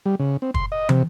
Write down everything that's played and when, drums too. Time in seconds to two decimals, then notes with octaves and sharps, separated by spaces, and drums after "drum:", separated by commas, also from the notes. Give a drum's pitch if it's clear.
0.06 G3
0.19 C#3
0.42 C4
0.54 C6, drum: kick
0.72 D#5
0.89 C3, drum: tom